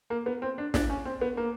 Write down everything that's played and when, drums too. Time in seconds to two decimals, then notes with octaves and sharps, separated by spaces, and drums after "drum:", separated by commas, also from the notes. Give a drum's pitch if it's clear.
0.10 A#3
0.26 B3
0.42 C4
0.58 D4
0.74 D4, drum: snare
0.90 C#4
1.05 C4
1.21 B3
1.37 A#3